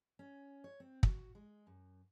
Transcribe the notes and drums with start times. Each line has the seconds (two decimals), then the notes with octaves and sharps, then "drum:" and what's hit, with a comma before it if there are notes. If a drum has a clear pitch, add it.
0.19 C#4
0.64 C#5
0.80 C4
1.03 F#4, drum: kick
1.35 G#3
1.67 F#2